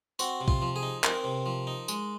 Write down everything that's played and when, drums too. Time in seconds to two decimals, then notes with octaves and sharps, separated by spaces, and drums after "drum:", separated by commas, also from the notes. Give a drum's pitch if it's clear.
0.19 C4 F#4, drum: tambourine
0.41 C3
0.48 F4, drum: kick
0.62 F3
0.76 G#4
0.83 D#4
1.04 C4 A#4, drum: clap
1.24 C3
1.46 F3
1.67 D#4
1.88 G#3, drum: tambourine